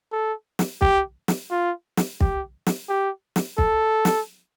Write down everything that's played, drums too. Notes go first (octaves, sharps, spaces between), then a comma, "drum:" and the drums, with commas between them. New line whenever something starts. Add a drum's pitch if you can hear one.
A4
drum: snare
G4, drum: kick
drum: snare
F4
drum: snare
G4, drum: kick
drum: snare
G4
drum: snare
A4, drum: kick
drum: snare